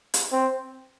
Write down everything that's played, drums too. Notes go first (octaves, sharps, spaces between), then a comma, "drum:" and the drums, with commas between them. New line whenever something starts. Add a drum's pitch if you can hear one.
drum: hi-hat
C4